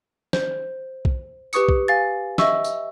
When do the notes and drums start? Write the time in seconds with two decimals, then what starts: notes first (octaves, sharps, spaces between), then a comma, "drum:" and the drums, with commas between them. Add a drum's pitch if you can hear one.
0.33 C5, drum: snare
1.05 drum: kick B1
1.53 G4 B4 C#6 D#6 C#7, drum: tambourine
1.69 drum: kick B1
1.88 F5 G#5 A6
2.38 D#5 E5 C#6 E6, drum: snare
2.64 drum: tambourine